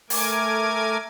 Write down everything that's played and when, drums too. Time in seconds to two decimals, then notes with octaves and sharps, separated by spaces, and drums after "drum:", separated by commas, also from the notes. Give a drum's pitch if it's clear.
0.10 A3 A#4 G#5 D6 G#6, drum: open hi-hat